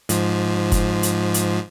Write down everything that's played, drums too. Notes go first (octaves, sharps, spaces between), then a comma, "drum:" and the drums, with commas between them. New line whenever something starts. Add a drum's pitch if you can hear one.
G#2 F3, drum: hi-hat
drum: kick, hi-hat
drum: hi-hat
drum: hi-hat